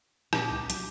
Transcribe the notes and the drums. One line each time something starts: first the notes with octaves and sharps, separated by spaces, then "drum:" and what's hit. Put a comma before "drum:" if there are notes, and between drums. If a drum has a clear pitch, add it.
A#2 D#4 G4 A5, drum: rim click
C2
F#3 D4, drum: hi-hat